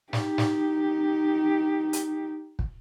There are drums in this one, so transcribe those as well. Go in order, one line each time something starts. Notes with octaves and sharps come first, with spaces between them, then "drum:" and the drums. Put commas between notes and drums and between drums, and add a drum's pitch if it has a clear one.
D#4 G4, drum: snare
drum: snare
drum: hi-hat
drum: kick